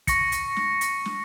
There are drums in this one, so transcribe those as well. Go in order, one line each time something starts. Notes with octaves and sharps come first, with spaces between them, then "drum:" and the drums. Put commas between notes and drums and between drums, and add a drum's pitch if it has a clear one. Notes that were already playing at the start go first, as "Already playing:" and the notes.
C#6 A#6 C#7, drum: kick, hi-hat
drum: hi-hat
drum: snare
drum: hi-hat
drum: snare